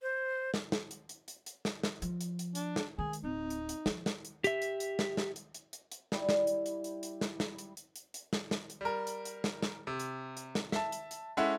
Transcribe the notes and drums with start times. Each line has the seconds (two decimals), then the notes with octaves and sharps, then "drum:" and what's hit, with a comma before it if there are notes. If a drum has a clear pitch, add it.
0.02 C5
0.54 drum: snare
0.72 drum: snare
0.91 drum: hi-hat
1.09 drum: hi-hat
1.28 drum: hi-hat
1.46 drum: hi-hat
1.65 drum: snare
1.83 drum: snare
2.02 F3, drum: hi-hat
2.21 drum: hi-hat
2.39 drum: hi-hat
2.55 D4, drum: hi-hat
2.76 drum: snare
2.98 D#3 G#3 G#4
3.13 drum: hi-hat
3.23 D1 C4 D#4
3.50 drum: hi-hat
3.69 drum: hi-hat
3.86 F3, drum: snare
4.06 drum: snare
4.25 drum: hi-hat
4.44 G4 E5, drum: hi-hat
4.62 drum: hi-hat
4.80 drum: hi-hat
4.99 drum: snare
5.17 drum: snare
5.36 drum: hi-hat
5.54 drum: hi-hat
5.73 drum: hi-hat
5.92 drum: hi-hat
6.12 G3 E4, drum: snare
6.29 drum: snare
6.47 drum: hi-hat
6.66 drum: hi-hat
6.84 drum: hi-hat
7.03 drum: hi-hat
7.21 drum: snare
7.40 drum: snare
7.58 drum: hi-hat
7.77 drum: hi-hat
7.96 drum: hi-hat
8.14 drum: hi-hat
8.33 drum: snare
8.51 drum: snare
8.70 drum: hi-hat
8.81 G3 A#4
9.07 drum: hi-hat
9.25 drum: hi-hat
9.44 drum: snare
9.63 drum: snare
9.87 C3
10.00 drum: hi-hat
10.37 drum: hi-hat
10.55 drum: snare
10.72 E5 A5, drum: snare
10.92 drum: hi-hat
11.11 drum: hi-hat
11.37 G#3 C#4 E4 A4 E5 F#5